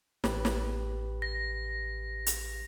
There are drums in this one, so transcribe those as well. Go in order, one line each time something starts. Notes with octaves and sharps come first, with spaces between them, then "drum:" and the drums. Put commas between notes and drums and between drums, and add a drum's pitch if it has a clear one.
A1 G4 B4, drum: snare
drum: snare
A#6
drum: hi-hat